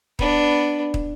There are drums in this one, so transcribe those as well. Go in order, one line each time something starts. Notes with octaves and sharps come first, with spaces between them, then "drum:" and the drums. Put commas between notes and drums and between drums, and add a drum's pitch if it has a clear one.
B3 D4, drum: kick
drum: kick